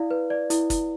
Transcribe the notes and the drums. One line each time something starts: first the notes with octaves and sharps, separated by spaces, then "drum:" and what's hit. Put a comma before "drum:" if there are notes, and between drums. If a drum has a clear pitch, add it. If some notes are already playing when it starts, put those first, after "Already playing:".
Already playing: E4 D5 F5
B4
D5
E4, drum: hi-hat
E4, drum: kick, hi-hat